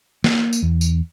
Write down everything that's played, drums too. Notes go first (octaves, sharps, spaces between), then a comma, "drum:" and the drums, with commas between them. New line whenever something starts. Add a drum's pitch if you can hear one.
A#3, drum: snare
drum: tambourine
E2
drum: tambourine